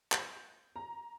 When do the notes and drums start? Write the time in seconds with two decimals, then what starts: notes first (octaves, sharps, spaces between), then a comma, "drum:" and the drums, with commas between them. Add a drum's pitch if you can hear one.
0.12 G6, drum: clap
0.76 A#5